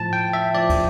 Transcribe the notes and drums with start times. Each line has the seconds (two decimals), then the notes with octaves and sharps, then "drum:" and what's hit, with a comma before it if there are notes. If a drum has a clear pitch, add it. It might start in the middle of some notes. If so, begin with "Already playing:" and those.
Already playing: A2 F3 A5
0.13 G5
0.33 E5
0.54 A2 F3 D5
0.70 drum: kick, cymbal